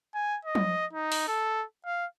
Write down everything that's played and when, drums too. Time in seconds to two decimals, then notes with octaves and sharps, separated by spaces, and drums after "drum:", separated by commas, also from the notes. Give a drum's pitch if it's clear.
0.14 G#5
0.45 D#5
0.55 drum: tom F3
0.93 D#4
1.12 drum: open hi-hat
1.28 A4
1.85 F5